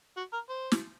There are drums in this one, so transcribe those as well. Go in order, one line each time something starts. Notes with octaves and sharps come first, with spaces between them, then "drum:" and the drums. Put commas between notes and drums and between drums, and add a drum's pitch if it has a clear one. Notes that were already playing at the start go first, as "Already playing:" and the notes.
F#4
A#4
C5
drum: snare